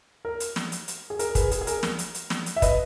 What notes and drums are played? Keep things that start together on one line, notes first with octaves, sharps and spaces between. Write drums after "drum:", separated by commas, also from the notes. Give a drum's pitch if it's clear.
A#4
drum: hi-hat
drum: snare
drum: hi-hat
drum: hi-hat
G#4
A#4, drum: hi-hat
G#4 B4, drum: kick, hi-hat
G#4, drum: hi-hat
G#4
A#4, drum: hi-hat
drum: snare
drum: hi-hat
drum: hi-hat
drum: snare
drum: hi-hat
E5
B4 D#5, drum: kick, hi-hat